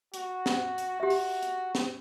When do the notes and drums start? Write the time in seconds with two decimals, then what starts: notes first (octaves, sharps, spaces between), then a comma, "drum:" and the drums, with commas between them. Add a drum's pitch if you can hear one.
0.14 F#4, drum: hi-hat
0.46 drum: snare
0.78 drum: hi-hat
1.00 F#4 G4 E5
1.10 drum: open hi-hat
1.43 drum: hi-hat
1.75 drum: snare